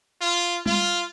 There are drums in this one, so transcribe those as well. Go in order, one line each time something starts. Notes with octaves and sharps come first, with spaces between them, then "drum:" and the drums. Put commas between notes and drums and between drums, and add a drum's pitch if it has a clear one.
F4
F4, drum: tom G3